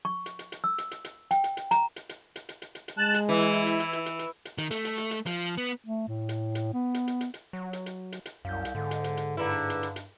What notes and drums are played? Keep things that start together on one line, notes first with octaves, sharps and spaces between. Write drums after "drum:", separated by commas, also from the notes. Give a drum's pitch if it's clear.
C#6
drum: hi-hat
drum: hi-hat
drum: hi-hat
E6
drum: hi-hat
drum: hi-hat
drum: hi-hat
G5, drum: hi-hat
drum: hi-hat
drum: hi-hat
A#5, drum: hi-hat
drum: hi-hat
drum: hi-hat
drum: hi-hat
drum: hi-hat
drum: hi-hat
drum: hi-hat
drum: hi-hat
G#3 A5 F#6
drum: hi-hat
E3 E4
drum: hi-hat
drum: hi-hat
drum: hi-hat
drum: hi-hat
drum: hi-hat
drum: hi-hat
drum: hi-hat
drum: hi-hat
D#3, drum: hi-hat
A3, drum: hi-hat
drum: hi-hat
drum: hi-hat
drum: hi-hat
F3, drum: hi-hat
B3
A3
A2
drum: hi-hat
drum: hi-hat
B3
drum: hi-hat
drum: hi-hat
drum: hi-hat
drum: hi-hat
F#3
drum: hi-hat
drum: hi-hat
drum: hi-hat
drum: hi-hat
C2 F#2 F5 G6
drum: hi-hat
G#2 D3
drum: hi-hat
drum: hi-hat
drum: hi-hat
G2 D3 E4 G#4 B4 A#5
drum: hi-hat
drum: hi-hat
drum: hi-hat